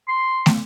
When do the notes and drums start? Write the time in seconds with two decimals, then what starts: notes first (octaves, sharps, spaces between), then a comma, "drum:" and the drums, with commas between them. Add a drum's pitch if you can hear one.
0.08 C6
0.46 drum: snare